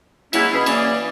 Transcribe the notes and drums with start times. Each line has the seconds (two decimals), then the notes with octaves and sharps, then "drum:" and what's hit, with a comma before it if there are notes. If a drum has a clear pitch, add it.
0.33 F#3 G#3 A#3 C#4 D4 E4, drum: cymbal
0.52 B2 C#4 G#4 B5
0.66 E3 F#3 A#3 C#4 G#4 D5, drum: cymbal